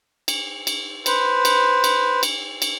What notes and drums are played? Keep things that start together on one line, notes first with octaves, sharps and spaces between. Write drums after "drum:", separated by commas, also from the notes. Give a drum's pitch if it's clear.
drum: cymbal
drum: cymbal
B4 C5, drum: cymbal
drum: cymbal
drum: cymbal
drum: cymbal
drum: cymbal